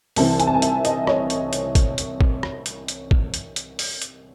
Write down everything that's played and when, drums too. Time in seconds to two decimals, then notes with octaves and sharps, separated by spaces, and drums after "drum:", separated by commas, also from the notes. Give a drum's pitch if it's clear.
0.16 C2 C3 E3 C4 A5, drum: open hi-hat
0.40 G#5, drum: hi-hat
0.47 A5
0.54 G#5
0.62 E5, drum: hi-hat
0.85 D#5, drum: hi-hat
1.07 C#5, drum: rim click
1.30 drum: hi-hat
1.53 drum: hi-hat
1.75 drum: kick, hi-hat
1.98 drum: hi-hat
2.21 drum: kick
2.43 drum: rim click
2.66 drum: hi-hat
2.88 drum: hi-hat
3.11 drum: kick
3.34 drum: hi-hat
3.56 drum: hi-hat
3.79 drum: open hi-hat
4.02 drum: hi-hat